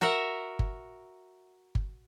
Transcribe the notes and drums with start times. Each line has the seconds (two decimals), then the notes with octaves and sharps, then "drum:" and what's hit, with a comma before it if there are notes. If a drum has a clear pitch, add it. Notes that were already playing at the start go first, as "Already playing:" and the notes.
0.01 F#4 A#4 E5 F#5
0.59 drum: kick G1
1.75 drum: kick G1